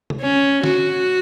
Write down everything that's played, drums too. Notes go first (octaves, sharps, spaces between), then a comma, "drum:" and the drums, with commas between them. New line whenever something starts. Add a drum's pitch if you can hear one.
drum: tom
C#4
F#4, drum: snare